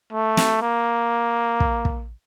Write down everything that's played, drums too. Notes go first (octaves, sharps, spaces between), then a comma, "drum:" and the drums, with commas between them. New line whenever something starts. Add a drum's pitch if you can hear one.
A3
drum: snare
A#3
drum: kick
drum: kick